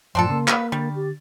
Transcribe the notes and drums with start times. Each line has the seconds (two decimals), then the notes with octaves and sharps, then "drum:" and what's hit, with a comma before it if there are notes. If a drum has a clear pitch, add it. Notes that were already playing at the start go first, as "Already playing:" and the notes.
0.15 F#2 A2 F3 C4 D4 A4
0.30 C#3 A#3 C6
0.48 B3 B4 F5, drum: clap
0.72 D3 G3 A6
0.95 G4